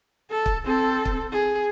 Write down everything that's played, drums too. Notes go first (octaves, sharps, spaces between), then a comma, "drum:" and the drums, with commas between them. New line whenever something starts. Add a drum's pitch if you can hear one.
A4
drum: kick
C4 A4
drum: kick
G#4